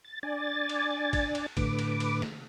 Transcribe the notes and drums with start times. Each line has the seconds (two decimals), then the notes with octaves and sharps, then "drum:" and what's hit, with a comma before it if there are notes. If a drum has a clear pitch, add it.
0.04 A6
0.23 D4 D5 G#5 A6
0.69 drum: cymbal
1.13 drum: kick, cymbal
1.35 drum: cymbal
1.57 A2 D3 B4 D6, drum: kick, cymbal
1.79 drum: cymbal
2.00 drum: cymbal
2.22 drum: snare